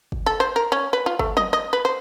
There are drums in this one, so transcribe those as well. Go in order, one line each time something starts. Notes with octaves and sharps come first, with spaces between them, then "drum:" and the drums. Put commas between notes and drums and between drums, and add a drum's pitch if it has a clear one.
drum: kick
A4
C5
A#4
C#4
B4
F4
A3, drum: kick
D#5, drum: tom F3
D#5
B4
C5